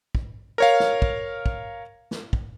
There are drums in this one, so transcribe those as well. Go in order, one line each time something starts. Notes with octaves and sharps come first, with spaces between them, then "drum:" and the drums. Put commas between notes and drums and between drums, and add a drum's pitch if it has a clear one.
drum: kick
A#4 C#5 F5
drum: snare
drum: kick
drum: kick
drum: snare
drum: kick